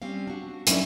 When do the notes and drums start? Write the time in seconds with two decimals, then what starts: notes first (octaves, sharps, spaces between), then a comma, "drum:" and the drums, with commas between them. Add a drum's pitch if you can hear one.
0.02 G3 C4 C#4 F5
0.27 D4 F#4
0.67 F#3 C#4 D4 E4, drum: hi-hat